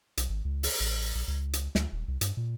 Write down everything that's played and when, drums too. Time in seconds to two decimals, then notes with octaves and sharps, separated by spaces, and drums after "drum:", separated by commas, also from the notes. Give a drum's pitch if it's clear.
0.17 B1, drum: hi-hat
0.29 G#1
0.45 C#2
0.63 drum: open hi-hat
0.80 A1
1.15 A#1
1.28 C#2
1.53 drum: hi-hat
1.75 D2, drum: snare
1.92 D#1
2.08 C2
2.21 G2, drum: hi-hat
2.37 A#2